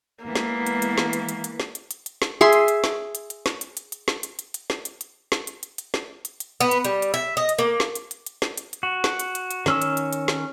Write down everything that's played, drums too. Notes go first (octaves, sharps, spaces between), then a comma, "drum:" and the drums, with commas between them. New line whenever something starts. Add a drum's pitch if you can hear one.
E3 G#3 A#3 B3
drum: snare
drum: hi-hat
drum: hi-hat
drum: snare
drum: hi-hat
drum: hi-hat
drum: hi-hat
drum: snare
drum: hi-hat
drum: hi-hat
drum: hi-hat
drum: snare
G#4 E5 C6
drum: hi-hat
drum: hi-hat
drum: snare
drum: hi-hat
drum: hi-hat
drum: snare
drum: hi-hat
drum: hi-hat
drum: hi-hat
drum: snare
drum: hi-hat
drum: hi-hat
drum: hi-hat
drum: snare
drum: hi-hat
drum: hi-hat
drum: snare
drum: hi-hat
drum: hi-hat
drum: hi-hat
drum: snare
drum: hi-hat
drum: hi-hat
B3
drum: hi-hat
G3, drum: hi-hat
drum: hi-hat
E5
D#5
drum: hi-hat
A#3
drum: snare
drum: hi-hat
drum: hi-hat
drum: hi-hat
drum: snare
drum: hi-hat
drum: hi-hat
F#4
drum: snare
drum: hi-hat
drum: hi-hat
drum: hi-hat
D#3 C#4 E6, drum: snare
drum: hi-hat
drum: hi-hat
drum: hi-hat
drum: snare